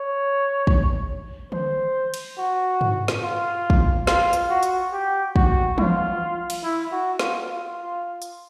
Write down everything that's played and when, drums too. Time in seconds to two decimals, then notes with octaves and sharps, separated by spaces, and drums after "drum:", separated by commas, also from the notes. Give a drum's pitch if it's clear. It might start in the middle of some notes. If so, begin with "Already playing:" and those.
Already playing: C#5
0.67 drum: kick
1.52 C5, drum: tom D3
2.14 drum: cymbal
2.38 F#4
2.81 drum: tom G2
3.08 drum: snare
3.23 F4
3.70 drum: kick
4.07 F4, drum: snare
4.33 drum: hi-hat
4.50 F#4
4.63 drum: hi-hat
4.92 G4
5.36 F#4, drum: kick
5.78 F4, drum: tom
6.50 drum: cymbal
6.63 E4
6.92 F#4
7.19 F4, drum: snare
7.48 F4
8.22 drum: hi-hat